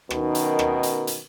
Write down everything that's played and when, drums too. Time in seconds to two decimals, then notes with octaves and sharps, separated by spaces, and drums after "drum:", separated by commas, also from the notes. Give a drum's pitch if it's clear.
0.10 F#2 B2 D#3, drum: rim click
0.35 drum: hi-hat
0.59 drum: rim click
0.83 drum: hi-hat
1.07 drum: hi-hat